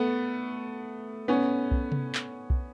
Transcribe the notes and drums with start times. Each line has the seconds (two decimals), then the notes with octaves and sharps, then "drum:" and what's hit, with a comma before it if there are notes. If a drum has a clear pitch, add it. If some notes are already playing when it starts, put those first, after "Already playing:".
Already playing: A3 B3
1.28 B3 C#4
1.72 drum: kick B1
1.92 drum: tom C3
2.15 drum: clap
2.50 drum: kick B1